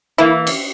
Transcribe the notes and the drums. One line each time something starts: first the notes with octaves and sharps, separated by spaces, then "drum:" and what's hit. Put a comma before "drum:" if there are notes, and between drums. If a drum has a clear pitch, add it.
E3 A#3 E4
drum: cymbal